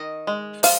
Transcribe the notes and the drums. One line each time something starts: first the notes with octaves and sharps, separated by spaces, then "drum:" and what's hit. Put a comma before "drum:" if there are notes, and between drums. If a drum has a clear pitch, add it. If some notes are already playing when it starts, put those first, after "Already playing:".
Already playing: D#3 D#5
G#3
F3 F5, drum: open hi-hat